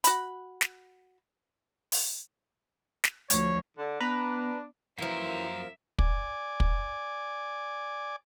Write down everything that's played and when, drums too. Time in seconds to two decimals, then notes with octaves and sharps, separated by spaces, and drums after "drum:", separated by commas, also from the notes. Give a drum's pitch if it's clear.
0.04 F#4 B5, drum: hi-hat
0.61 drum: snare
1.92 drum: open hi-hat
3.04 drum: snare
3.30 D2 F3 C#5, drum: hi-hat
3.77 D3
4.00 B3 D4 B4 A#5
4.98 F#2 E3 F3 A#3 A#4 E5
5.99 D5 G#5 D6, drum: kick
6.60 drum: kick